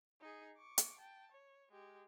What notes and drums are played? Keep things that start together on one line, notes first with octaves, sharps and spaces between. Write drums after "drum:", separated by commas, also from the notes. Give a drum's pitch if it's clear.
D#4 G#4
C#6 D6
drum: hi-hat
G5 A5
C#5
G#3 G4